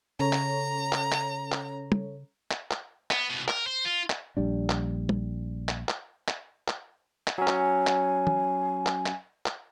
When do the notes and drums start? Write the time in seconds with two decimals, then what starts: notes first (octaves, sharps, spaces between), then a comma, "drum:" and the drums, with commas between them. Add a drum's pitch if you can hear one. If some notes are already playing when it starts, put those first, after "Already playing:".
0.20 C#3 C#4 A4 C#5 A#5
0.33 drum: clap
0.92 drum: clap
1.12 drum: clap
1.52 drum: clap
1.92 drum: tom
2.51 drum: clap
2.71 drum: clap
3.11 B3, drum: clap
3.30 C2 B2
3.48 A#4, drum: clap
3.66 C5
3.85 F4
4.10 drum: clap
4.37 A#1 G3 D4
4.70 drum: clap
5.09 drum: tom
5.69 drum: clap
5.89 drum: clap
6.28 drum: clap
6.68 drum: clap
7.28 drum: clap
7.38 F#3 C#4 G#5
7.47 drum: clap
7.87 drum: clap
8.27 drum: tom
8.86 drum: clap
9.06 drum: clap
9.46 drum: clap